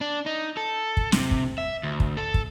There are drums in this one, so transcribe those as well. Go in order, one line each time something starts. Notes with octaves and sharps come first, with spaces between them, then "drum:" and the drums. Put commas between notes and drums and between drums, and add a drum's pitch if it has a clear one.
D4
D#4
A4
drum: kick
C3, drum: snare
drum: kick
E5
D2
drum: kick
A4
drum: kick